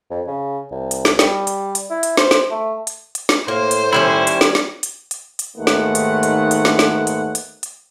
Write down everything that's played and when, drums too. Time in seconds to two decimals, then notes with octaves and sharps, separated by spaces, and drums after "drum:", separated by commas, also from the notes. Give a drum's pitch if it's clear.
0.11 F2
0.28 C#3
0.71 C2
0.91 drum: hi-hat
1.05 drum: snare
1.19 G3, drum: snare
1.47 drum: hi-hat
1.75 drum: hi-hat
1.90 E4
2.03 drum: hi-hat
2.17 C5, drum: snare
2.31 drum: snare
2.51 A3
2.87 drum: hi-hat
3.15 drum: hi-hat
3.29 drum: snare
3.48 A2 A#3 C5
3.71 drum: hi-hat
3.93 D#3 G3 C#4 E4
4.27 drum: hi-hat
4.41 drum: snare
4.55 drum: snare
4.83 drum: hi-hat
5.11 drum: hi-hat
5.39 drum: hi-hat
5.57 D#2 G#2 D#3 A3 B3 F#5
5.67 drum: snare
5.95 drum: hi-hat
6.23 drum: hi-hat
6.51 drum: hi-hat
6.65 drum: snare
6.79 drum: snare
7.07 drum: hi-hat
7.35 drum: hi-hat
7.63 drum: hi-hat